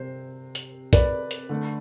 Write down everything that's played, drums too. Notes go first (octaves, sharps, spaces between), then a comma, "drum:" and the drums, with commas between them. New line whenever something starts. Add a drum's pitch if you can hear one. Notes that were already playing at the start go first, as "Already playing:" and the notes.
Already playing: C3 G3 C5
drum: hi-hat
B4 D5, drum: kick, hi-hat
drum: hi-hat
D3 A3